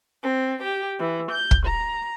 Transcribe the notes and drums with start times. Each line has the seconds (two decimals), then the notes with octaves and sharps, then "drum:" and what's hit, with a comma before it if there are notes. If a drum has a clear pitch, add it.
0.23 C4
0.62 G4
0.99 E3
1.32 G6
1.51 drum: kick
1.65 A#5